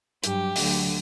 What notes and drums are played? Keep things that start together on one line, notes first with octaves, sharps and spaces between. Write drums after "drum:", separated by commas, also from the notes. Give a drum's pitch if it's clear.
G2 F#3 G4, drum: hi-hat
D2 D3 F#3, drum: open hi-hat